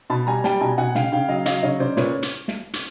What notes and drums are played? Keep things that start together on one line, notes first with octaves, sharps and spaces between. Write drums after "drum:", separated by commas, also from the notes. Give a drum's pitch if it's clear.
B2 A5 B5
G3 G#5 A#5
G3 G5 A5, drum: snare
B2 G#5 A#5
B2 F#5 G#5
C#3 F5 G5, drum: snare
C#3 F5 G5
F#3 D#5 F5
F#3 D#5 F5, drum: hi-hat
C#3 C#5 D#5
C#3 C5 D5
A#2 B4 C#5, drum: snare
drum: hi-hat
drum: snare
drum: hi-hat